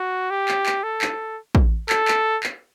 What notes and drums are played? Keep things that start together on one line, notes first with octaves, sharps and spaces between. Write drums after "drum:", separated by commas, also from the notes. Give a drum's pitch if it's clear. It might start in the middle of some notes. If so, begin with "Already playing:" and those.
Already playing: F#4
G4
drum: clap
drum: clap
A4
drum: clap
drum: kick
A4, drum: clap
drum: clap
drum: clap